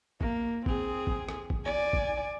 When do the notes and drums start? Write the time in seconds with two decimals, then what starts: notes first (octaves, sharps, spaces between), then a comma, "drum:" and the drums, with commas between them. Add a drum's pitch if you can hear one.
0.21 A#3, drum: kick
0.66 C4 G#4, drum: kick
1.07 drum: kick
1.29 drum: rim click
1.50 drum: kick
1.65 D5 G#5
1.93 drum: kick